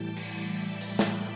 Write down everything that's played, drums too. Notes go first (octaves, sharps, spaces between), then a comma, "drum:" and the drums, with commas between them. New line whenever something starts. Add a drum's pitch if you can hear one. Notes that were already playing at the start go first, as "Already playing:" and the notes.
Already playing: A2 E3 G3 G5 A5
D5, drum: cymbal
E5
B5, drum: hi-hat
drum: snare